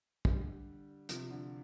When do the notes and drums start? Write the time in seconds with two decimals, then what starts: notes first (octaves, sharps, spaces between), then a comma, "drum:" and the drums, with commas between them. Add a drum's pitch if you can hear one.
0.25 D3 G3, drum: kick
1.09 C3 F3, drum: hi-hat
1.31 D3